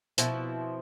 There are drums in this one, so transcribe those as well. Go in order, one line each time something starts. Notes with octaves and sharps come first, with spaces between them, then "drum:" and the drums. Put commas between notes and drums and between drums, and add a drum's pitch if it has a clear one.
B2 F3 C4 E4, drum: hi-hat